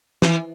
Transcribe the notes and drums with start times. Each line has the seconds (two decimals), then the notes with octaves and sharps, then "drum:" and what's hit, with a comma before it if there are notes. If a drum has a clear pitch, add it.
0.22 E3, drum: snare